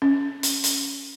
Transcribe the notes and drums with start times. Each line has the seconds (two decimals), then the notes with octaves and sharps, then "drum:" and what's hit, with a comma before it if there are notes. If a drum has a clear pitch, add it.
0.02 C#4
0.43 drum: hi-hat
0.64 drum: hi-hat